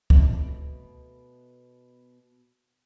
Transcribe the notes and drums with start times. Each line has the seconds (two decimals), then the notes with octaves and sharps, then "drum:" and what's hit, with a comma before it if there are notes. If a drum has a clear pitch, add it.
0.10 B2 A3, drum: kick